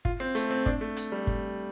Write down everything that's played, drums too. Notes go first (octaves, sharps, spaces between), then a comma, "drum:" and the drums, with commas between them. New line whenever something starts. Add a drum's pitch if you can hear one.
F4, drum: kick G1
C4
A3, drum: hi-hat
C4
D4, drum: kick G1
A3
drum: hi-hat
G3
drum: kick G1